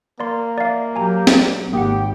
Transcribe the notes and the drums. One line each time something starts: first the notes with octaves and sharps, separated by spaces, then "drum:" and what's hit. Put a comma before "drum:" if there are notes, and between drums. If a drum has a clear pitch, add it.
A#3 D5 C6
D5 E5 F5
F#3 G4 G#5 A#5
D5, drum: snare
G#1 A#3 G4 F#5 G5